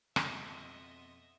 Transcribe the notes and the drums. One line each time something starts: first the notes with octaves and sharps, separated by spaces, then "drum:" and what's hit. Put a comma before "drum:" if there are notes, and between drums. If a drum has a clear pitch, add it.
F2 B2 B3 D#5 E5 C6, drum: rim click